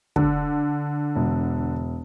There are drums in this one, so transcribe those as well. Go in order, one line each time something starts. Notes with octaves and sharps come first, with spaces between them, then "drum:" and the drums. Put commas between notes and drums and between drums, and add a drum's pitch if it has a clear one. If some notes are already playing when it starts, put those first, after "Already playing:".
D3, drum: kick
E1